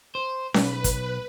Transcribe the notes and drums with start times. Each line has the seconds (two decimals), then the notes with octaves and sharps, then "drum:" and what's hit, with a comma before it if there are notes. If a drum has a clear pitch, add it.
0.15 C5
0.54 B1 B4, drum: snare C#4
0.84 drum: kick, hi-hat